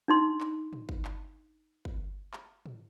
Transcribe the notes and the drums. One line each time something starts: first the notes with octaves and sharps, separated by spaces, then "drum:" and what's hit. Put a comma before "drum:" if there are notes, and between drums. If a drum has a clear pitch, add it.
D4 D#4 C6
drum: clap
drum: tom
drum: kick G1
drum: clap
drum: kick G1
drum: clap
drum: tom